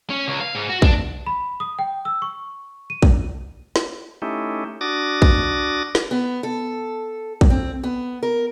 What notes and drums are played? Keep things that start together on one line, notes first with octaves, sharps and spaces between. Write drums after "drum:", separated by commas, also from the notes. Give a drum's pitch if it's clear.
C#4
C#2
F5
G#2
F#4
D4, drum: kick
B5
D#6
G5
E6
C#6
D#7
drum: kick
drum: snare
A3 C#4 D#4 E4 G4
D4 F#4 D6 D#6 A6 A#6
drum: kick
drum: snare
B3
A4
drum: kick
C4
B3
A#4